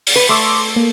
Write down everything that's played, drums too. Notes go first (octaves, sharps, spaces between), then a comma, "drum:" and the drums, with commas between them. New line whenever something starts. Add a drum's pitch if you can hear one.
drum: open hi-hat
B4
A3 C6 D6 E6
A#3